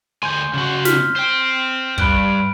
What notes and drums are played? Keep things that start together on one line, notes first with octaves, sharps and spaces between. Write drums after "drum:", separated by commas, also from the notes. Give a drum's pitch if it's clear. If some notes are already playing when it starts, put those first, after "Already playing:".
D2 G#5 C6 G6
C#3 F#4
F6 B6, drum: snare
C5 G5
G2 B5 F#6 D7, drum: kick